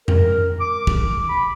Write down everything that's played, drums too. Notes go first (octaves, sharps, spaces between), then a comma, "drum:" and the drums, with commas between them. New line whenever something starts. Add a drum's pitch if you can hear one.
A#4, drum: tom F2
D6
drum: kick
B5